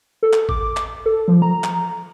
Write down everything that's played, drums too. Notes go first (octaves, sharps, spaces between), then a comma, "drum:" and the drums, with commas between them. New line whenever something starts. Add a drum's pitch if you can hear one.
A4
drum: clap
D6, drum: kick G#1
drum: clap
A4
F3
A#5
drum: clap